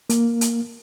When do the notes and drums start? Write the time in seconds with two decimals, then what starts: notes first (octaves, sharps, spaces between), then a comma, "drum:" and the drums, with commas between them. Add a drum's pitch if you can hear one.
0.10 A#3, drum: hi-hat
0.41 drum: hi-hat